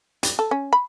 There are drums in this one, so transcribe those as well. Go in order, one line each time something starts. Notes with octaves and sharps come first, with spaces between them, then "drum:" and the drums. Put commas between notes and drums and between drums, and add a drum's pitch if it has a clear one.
G3, drum: hi-hat
A4
C#4
B5